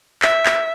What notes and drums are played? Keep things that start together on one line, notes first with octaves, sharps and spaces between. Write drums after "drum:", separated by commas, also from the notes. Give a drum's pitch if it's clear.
E5, drum: clap
drum: clap